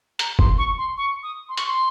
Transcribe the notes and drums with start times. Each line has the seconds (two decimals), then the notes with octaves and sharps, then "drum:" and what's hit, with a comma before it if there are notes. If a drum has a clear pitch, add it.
0.19 A#5, drum: hi-hat
0.39 C6, drum: kick F#1
0.58 C#6
0.78 C6
0.97 C#6
1.23 D#6
1.49 C6
1.57 C#6, drum: hi-hat
1.67 C6